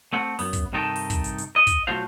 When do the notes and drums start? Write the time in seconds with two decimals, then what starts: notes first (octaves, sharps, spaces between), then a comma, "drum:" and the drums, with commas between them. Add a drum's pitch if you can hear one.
0.13 A3 C4 F#5
0.39 F#2 B3, drum: open hi-hat
0.53 drum: kick, hi-hat
0.73 G2 C3 D#3 D#4 G4 A4
0.96 drum: open hi-hat
1.10 drum: kick, hi-hat
1.24 drum: hi-hat
1.38 drum: hi-hat
1.56 D#5
1.67 drum: kick, hi-hat
1.87 B1 A3 F4 F#4 C5 F5